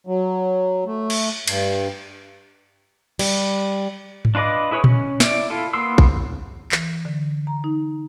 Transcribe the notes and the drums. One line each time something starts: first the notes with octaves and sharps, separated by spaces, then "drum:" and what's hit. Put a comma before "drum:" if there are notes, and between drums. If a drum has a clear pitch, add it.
F#3
A3
drum: cymbal
G2, drum: cymbal
G3, drum: cymbal
drum: tom G#2
D4 F4 B4 D#5 D6
E4 G#4 B4 C#5
C#4, drum: tom A#2
E4 D5, drum: snare
E4 F4 A4
A#3 B3 C6 E6
drum: kick
E3, drum: clap
D3
A#5
D#4